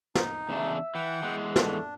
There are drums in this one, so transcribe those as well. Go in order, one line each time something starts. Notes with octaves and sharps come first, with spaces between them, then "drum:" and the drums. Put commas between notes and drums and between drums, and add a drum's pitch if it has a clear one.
D#4, drum: snare
E2 C#3 D4 E5
E3 F#5 G5
E3 G#3 B3
A3 D4, drum: snare